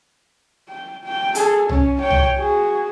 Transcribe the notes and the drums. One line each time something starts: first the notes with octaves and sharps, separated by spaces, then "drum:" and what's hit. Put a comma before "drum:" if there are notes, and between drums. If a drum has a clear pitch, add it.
G5
G5
G#4 A4, drum: hi-hat
C#4, drum: tom
C#5 G5
drum: tom
F#4 G#4